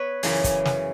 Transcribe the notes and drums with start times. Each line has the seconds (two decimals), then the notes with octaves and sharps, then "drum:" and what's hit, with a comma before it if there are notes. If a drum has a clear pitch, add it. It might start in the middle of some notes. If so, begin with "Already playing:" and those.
Already playing: B3 B4 C#5
0.23 F#2 C#3 E3 G#4, drum: open hi-hat
0.44 drum: kick, hi-hat
0.65 drum: snare